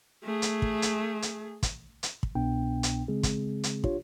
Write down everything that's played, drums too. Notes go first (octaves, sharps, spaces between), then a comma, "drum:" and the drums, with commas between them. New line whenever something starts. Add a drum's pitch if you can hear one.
A3 G#4
drum: hi-hat
drum: kick
drum: hi-hat
drum: hi-hat
drum: kick, hi-hat
drum: hi-hat
drum: kick
C2 B2 B3 D4 G5
drum: hi-hat
C#3 G#3 C4 G#4
drum: kick, hi-hat
drum: hi-hat
D4 F4 G4 C#5, drum: kick